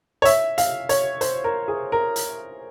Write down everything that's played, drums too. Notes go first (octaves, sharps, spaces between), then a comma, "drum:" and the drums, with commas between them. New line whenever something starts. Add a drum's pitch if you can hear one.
C#5
E5, drum: hi-hat
F5, drum: hi-hat
C#5, drum: hi-hat
C5, drum: hi-hat
A#4
G#4
A#4
drum: hi-hat